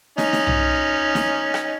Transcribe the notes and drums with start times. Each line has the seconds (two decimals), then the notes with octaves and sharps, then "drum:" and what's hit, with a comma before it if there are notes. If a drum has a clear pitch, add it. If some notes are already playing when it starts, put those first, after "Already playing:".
0.18 C#4 D#4, drum: snare
0.33 drum: snare
0.47 drum: tom
1.15 drum: snare
1.54 drum: rim click